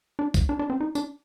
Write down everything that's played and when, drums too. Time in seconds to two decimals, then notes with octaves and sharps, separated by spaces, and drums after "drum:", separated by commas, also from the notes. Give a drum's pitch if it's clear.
0.19 D4
0.34 drum: kick, tambourine
0.49 D4
0.59 D4
0.70 C4
0.81 D#4
0.95 D4, drum: tambourine